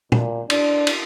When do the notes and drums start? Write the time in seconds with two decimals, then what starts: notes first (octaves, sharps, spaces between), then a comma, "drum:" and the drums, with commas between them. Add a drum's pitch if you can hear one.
0.12 A#2, drum: tom
0.50 D4, drum: cymbal
0.87 drum: cymbal